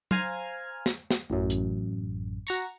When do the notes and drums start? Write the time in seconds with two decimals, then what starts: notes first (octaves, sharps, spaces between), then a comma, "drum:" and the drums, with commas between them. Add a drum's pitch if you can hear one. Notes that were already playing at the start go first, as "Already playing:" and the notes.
0.11 C5 F5 G#5 A#5 F6 G#6, drum: tom
0.86 drum: snare
1.11 drum: snare
1.30 A1 F#2
1.50 drum: hi-hat
2.47 F#4 A#5 C#6, drum: tambourine